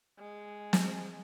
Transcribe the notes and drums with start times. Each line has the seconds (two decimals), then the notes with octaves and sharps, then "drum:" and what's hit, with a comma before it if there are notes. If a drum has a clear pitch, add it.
0.19 G#3
0.73 drum: snare